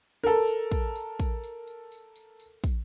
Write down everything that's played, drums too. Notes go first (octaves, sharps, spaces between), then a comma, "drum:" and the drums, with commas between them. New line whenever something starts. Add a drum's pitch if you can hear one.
A4 A#4
drum: tambourine
drum: kick, tambourine
drum: tambourine
drum: kick, tambourine
drum: tambourine
drum: tambourine
drum: tambourine
drum: tambourine
drum: tambourine
drum: kick, tambourine